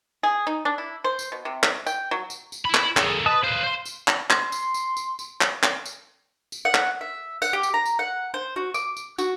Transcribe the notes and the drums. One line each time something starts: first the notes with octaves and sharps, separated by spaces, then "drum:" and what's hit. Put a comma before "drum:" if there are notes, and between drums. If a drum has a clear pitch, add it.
G#4
D#4
D4
E4
C5
drum: tambourine
B2
C3
drum: clap
G5, drum: tambourine
F#3
drum: tambourine
drum: tambourine
E4 B5
drum: clap
A#3 G#4 A4, drum: clap
B4 D#5 A5 D#6
B4 C5 F5
C5 C6
drum: tambourine
drum: clap
C6, drum: clap
drum: tambourine
drum: tambourine
drum: tambourine
drum: tambourine
drum: clap
drum: clap
drum: tambourine
drum: tambourine
F#5
drum: clap
E5
F#5, drum: tambourine
G4
drum: tambourine
A#5
drum: tambourine
F#5
C5
F#4
D6, drum: tambourine
drum: tambourine
F#4, drum: tambourine